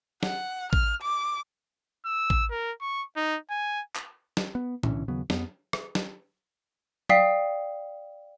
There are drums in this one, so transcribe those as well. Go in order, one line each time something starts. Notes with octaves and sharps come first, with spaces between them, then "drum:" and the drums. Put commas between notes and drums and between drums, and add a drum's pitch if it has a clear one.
F#5, drum: snare
F6, drum: kick A1
D6
E6
drum: kick A1
A#4
C#6
D#4
G#5
drum: clap
drum: snare
B3
B1 D3 E3 C#4, drum: tom A2
D#2 C#3 F#3 B3
F2 B3, drum: snare
drum: rim click
drum: snare
D5 F5 G5 D#6 B6 C7, drum: tom F#3